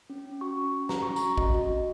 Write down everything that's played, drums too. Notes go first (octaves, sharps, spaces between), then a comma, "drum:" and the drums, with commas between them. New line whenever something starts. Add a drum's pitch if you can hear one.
C#4
C#4
F#4 C#6
C#4
C#4
F#4 A#5, drum: snare
C#4 C#6
A#5, drum: tambourine
F#4
F#4 D#5, drum: kick G#1
F#4
C#4